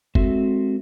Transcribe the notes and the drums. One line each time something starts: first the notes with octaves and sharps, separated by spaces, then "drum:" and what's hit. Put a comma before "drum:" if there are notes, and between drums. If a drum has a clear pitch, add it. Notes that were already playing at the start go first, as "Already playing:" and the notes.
G#3 C4 F#4 A4 E5, drum: kick F#1